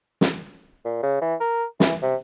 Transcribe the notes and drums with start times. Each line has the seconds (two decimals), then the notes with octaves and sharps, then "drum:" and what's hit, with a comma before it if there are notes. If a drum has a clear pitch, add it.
0.21 drum: snare
0.85 A#2
1.03 C#3
1.22 E3
1.41 A#4
1.80 E3, drum: snare
2.03 C3